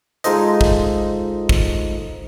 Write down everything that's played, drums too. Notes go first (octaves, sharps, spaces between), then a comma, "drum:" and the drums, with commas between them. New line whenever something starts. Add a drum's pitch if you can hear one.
G#3 D#4 F4 A4 C5 D#5, drum: hi-hat
drum: kick
drum: kick